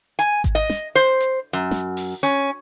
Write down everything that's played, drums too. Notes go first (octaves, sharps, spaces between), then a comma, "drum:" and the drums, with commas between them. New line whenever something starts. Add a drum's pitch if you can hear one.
G#5, drum: hi-hat
drum: kick G#1, hi-hat
D#5
drum: snare
C5, drum: hi-hat
drum: hi-hat
F#2
drum: snare
drum: open hi-hat
C#4, drum: hi-hat